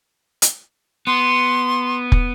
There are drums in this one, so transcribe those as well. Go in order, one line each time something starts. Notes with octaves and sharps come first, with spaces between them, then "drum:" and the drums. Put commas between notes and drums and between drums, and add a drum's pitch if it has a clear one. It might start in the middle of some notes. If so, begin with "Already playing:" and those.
drum: hi-hat
B3 C6
drum: kick